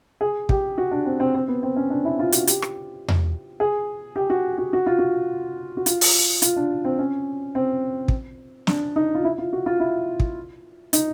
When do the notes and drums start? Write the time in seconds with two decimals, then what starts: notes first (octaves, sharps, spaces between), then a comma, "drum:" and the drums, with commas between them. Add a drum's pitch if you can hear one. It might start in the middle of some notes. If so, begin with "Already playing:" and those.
0.21 G#4
0.49 G4, drum: kick
0.78 F#4
0.91 D4
1.05 C4
1.20 C4
1.35 C4
1.48 B3
1.63 C4
1.76 C#4
1.90 D4
2.05 E4
2.19 F4
2.32 F#4, drum: hi-hat
2.47 G4, drum: hi-hat
2.62 drum: rim click
3.08 drum: tom E2
3.60 G#4
4.16 G4
4.30 F#4
4.58 F#4
4.73 F#4
4.86 F4
4.99 F#4
5.77 F#4
5.86 F4, drum: hi-hat
6.01 drum: open hi-hat
6.42 F4, drum: hi-hat
6.56 D4
6.85 C4
6.99 C#4
7.55 C4
8.08 drum: kick
8.67 D4, drum: snare
8.96 D#4
9.15 F4
9.24 E4
9.38 F4
9.53 F#4
9.66 F4
9.80 E4
10.20 drum: kick
10.93 D#4, drum: hi-hat